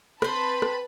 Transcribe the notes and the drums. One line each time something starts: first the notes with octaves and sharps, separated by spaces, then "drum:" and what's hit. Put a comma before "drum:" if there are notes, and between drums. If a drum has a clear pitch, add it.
C4 B4 C5 A5 B5, drum: rim click
drum: rim click